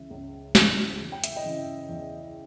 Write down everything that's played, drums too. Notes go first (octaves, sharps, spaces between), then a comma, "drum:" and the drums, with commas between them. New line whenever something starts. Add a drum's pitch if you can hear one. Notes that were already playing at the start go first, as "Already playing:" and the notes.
Already playing: C#2 C#3 E3 E5
C#2
C#3 E3, drum: snare
E2
G5
E5, drum: hi-hat
D#5 G5
C#3 E3
E2